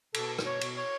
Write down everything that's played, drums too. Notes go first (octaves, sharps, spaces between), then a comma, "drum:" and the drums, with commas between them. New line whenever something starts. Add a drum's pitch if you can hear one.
B2 A4, drum: cymbal
B2, drum: rim click
C#5
B2, drum: cymbal
C#5